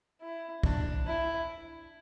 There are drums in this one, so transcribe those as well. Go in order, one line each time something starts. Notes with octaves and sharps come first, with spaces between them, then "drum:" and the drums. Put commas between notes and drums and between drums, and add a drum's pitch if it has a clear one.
E4
D4, drum: kick
E4